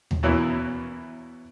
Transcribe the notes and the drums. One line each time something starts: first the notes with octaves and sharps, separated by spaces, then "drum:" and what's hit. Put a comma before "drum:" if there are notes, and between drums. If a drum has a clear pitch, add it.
drum: tom D#2
E2 B2 E3 A#3 C#4 E4